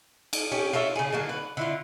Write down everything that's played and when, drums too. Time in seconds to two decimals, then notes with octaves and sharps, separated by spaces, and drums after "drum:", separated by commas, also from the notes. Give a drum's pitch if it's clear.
0.33 drum: cymbal
0.51 C#4 G4
0.73 F4 A4 C#5 E5
0.95 C#3 G#4
1.12 D3 F#3 A#3
1.29 B4
1.57 D3 E4 F4